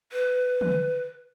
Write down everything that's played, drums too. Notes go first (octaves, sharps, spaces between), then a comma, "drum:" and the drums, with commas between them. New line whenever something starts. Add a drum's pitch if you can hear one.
B4
drum: tom